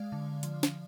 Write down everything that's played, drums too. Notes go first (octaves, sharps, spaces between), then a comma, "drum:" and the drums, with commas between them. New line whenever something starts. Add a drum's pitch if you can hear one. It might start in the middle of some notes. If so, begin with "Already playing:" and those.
Already playing: G#3 D5 F5
D3
F3, drum: hi-hat
drum: snare